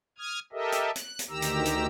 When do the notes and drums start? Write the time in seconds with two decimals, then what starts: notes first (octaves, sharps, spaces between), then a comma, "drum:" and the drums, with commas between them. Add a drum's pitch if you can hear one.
0.18 D#6 F6 G#6
0.53 G4 A4 A#4 D#5 E5
0.72 drum: hi-hat
0.96 F#6, drum: hi-hat
1.19 drum: hi-hat
1.29 D2 D#3 G4 A#5 E6
1.42 drum: hi-hat
1.65 drum: hi-hat